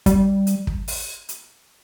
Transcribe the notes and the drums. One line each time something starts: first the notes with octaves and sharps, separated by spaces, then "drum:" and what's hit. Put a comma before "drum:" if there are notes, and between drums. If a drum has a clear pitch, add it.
G3, drum: kick, hi-hat
drum: hi-hat
drum: kick
drum: open hi-hat
drum: hi-hat